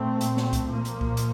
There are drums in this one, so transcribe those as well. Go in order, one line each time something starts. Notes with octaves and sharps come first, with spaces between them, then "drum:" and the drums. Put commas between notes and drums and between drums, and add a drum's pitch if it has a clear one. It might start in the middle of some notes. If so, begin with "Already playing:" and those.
Already playing: A#2 A3 C4
drum: hi-hat
drum: snare
drum: kick C2, hi-hat
A#2 F3 A#3
drum: hi-hat
drum: kick C2
drum: hi-hat